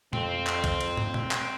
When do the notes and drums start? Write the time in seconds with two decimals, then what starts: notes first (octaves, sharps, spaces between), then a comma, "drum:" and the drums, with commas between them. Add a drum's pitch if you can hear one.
0.13 F2 C4, drum: tom
0.47 drum: clap
0.64 drum: kick, cymbal
0.81 drum: cymbal
0.97 drum: tom
1.14 drum: tom
1.31 drum: clap